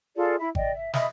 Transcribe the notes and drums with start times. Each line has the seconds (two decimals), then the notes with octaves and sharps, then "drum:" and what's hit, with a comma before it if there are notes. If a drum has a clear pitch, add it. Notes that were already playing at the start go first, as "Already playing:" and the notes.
0.16 F4 G#4 A4 D5
0.39 E4 E5 B5
0.55 D5 D#5 G5, drum: kick G#1
0.74 E5
0.94 D#5 E5 B5 D#6, drum: snare